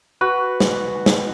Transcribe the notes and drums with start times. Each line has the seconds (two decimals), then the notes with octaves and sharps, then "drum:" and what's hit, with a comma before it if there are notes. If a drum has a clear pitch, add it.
0.21 F#4 B4
0.60 drum: snare
1.06 drum: snare